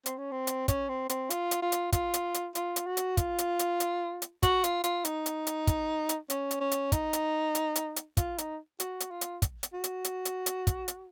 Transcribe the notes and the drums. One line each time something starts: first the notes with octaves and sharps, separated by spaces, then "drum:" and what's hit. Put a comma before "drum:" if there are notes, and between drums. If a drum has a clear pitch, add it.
C4, drum: hi-hat
C#4
C4
drum: hi-hat
C#4, drum: kick, hi-hat
C4
C4, drum: hi-hat
F4, drum: hi-hat
drum: hi-hat
F4
drum: hi-hat
F4, drum: kick, hi-hat
drum: hi-hat
drum: hi-hat
F4, drum: hi-hat
drum: hi-hat
F#4
drum: hi-hat
F4, drum: kick, hi-hat
drum: hi-hat
drum: hi-hat
drum: hi-hat
drum: hi-hat
F#4, drum: kick, hi-hat
F4, drum: hi-hat
F4, drum: hi-hat
D#4, drum: hi-hat
drum: hi-hat
drum: hi-hat
drum: kick, hi-hat
drum: hi-hat
C#4, drum: hi-hat
drum: hi-hat
C#4
drum: hi-hat
D#4, drum: kick, hi-hat
drum: hi-hat
drum: hi-hat
drum: hi-hat
drum: hi-hat
F4, drum: kick, hi-hat
D#4, drum: hi-hat
F#4, drum: hi-hat
drum: hi-hat
F4
drum: hi-hat
drum: kick, hi-hat
drum: hi-hat
F#4
drum: hi-hat
drum: hi-hat
drum: hi-hat
drum: hi-hat
drum: kick, hi-hat
drum: hi-hat